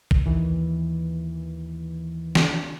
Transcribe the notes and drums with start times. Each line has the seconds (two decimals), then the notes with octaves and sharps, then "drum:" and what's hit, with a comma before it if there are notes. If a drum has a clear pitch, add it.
0.11 drum: kick
0.25 D#2 D#3 E3
2.35 drum: snare